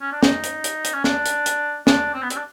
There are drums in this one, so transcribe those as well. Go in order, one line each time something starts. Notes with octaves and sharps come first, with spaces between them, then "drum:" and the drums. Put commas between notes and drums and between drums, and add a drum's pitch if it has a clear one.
C#4
D4
D#4, drum: snare
drum: hi-hat
drum: hi-hat
drum: hi-hat
C#4
D4, drum: snare
drum: hi-hat
drum: hi-hat
D4, drum: snare
C4
B3
C4, drum: hi-hat
D4